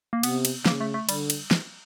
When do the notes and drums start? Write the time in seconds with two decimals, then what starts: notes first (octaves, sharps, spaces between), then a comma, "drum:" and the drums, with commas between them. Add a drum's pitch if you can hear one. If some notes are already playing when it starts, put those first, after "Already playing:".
0.13 A#3
0.23 C3 B3, drum: cymbal
0.45 drum: cymbal
0.66 C#3 A#3, drum: snare
0.80 A3
0.94 A3
1.09 D3 G3, drum: cymbal
1.30 drum: cymbal
1.51 drum: snare